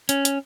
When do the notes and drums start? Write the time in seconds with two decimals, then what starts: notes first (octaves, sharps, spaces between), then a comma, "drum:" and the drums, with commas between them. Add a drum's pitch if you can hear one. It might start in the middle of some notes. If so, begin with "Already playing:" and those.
0.09 C#4, drum: hi-hat
0.25 drum: hi-hat